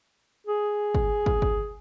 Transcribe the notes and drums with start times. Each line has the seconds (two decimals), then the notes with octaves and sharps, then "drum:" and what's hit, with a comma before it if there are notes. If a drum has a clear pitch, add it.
0.47 G#4
0.95 drum: kick
1.26 drum: kick
1.42 drum: kick